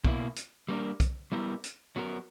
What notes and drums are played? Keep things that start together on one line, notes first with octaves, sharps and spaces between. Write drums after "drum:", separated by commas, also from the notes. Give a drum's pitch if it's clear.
B2 A#3 E4, drum: kick
drum: hi-hat
G3 A#3 D4 A#4
drum: kick, hi-hat
G3 B3 E4 G4 A#4
drum: hi-hat
F#3 B3 F#4 A#4